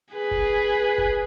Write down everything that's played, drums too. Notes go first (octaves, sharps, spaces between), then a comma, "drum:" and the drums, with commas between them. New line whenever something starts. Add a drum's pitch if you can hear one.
G#4 B4
drum: kick
drum: kick